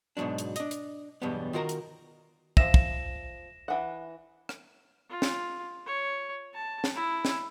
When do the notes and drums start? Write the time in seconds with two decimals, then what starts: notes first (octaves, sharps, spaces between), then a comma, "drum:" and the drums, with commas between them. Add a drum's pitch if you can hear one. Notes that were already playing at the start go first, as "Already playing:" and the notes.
0.17 G#2 B2 F3 F#3 D4
0.38 drum: hi-hat
0.56 D4 D#5, drum: hi-hat
0.71 drum: hi-hat
1.22 E2 G2 B2 F#3 G3 B3
1.53 D#3 F4 F#4 A#4 A#5
1.69 drum: hi-hat
2.57 F3 E5 A#6 E7, drum: kick
2.74 drum: kick
3.68 E3 F#5
4.49 drum: rim click
5.10 F4
5.22 drum: snare
5.86 C#5
6.54 A5
6.84 drum: snare
6.95 E4
7.25 drum: snare